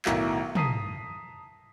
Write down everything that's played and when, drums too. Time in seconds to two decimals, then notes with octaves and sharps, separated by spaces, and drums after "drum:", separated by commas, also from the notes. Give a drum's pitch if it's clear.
0.05 B1 A2 D#3 F#3 E4 F5, drum: clap
0.55 A5 A#5 D#6 B6 C7 D#7, drum: tom